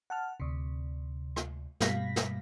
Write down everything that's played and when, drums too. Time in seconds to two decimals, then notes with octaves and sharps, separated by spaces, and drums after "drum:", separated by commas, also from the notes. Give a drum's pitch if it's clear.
0.10 F#5 A5 F6
0.40 D2 C3
1.36 drum: rim click
1.80 G2 B2 G3 F5 A#6 B6, drum: snare
2.16 drum: snare